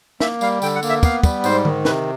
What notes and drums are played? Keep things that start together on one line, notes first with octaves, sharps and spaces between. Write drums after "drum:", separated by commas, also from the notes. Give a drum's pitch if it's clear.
A#3 E5, drum: snare
G3 F5, drum: tambourine
D3 G5, drum: tambourine
F#5
A#3, drum: tambourine
E5
B3 F5, drum: kick, tambourine
G3, drum: kick, tambourine
G#2 C5, drum: tambourine
D#3, drum: tom D3
C3 B4, drum: snare